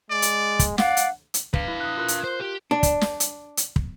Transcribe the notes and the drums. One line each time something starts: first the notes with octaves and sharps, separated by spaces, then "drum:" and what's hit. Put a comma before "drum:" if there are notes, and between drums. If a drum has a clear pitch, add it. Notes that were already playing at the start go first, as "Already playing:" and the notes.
G#3 D5
drum: hi-hat
drum: kick, hi-hat
D5 F5 F#5, drum: snare
drum: hi-hat
drum: hi-hat
B4 F5 B6, drum: kick
E4
D#6 F#6
F4 A#4 F#6
drum: hi-hat
C5
G4
D4
drum: kick, hi-hat
drum: snare
drum: hi-hat
drum: hi-hat
drum: kick